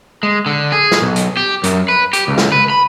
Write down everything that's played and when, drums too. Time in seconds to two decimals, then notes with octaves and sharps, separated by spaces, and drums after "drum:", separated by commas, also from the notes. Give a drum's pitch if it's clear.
0.23 G#3
0.46 D3
0.72 G#4
0.91 drum: snare
1.02 B1
1.16 drum: hi-hat
1.37 G4
1.64 F#2, drum: hi-hat
1.88 B4
2.13 G4, drum: hi-hat
2.28 C#2
2.38 drum: snare
2.52 B4
2.70 B5